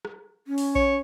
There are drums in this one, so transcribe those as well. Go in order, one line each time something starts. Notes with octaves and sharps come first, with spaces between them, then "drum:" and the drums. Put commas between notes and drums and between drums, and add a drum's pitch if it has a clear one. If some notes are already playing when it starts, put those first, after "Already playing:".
drum: rim click
C#4
drum: open hi-hat
C#5, drum: kick A#1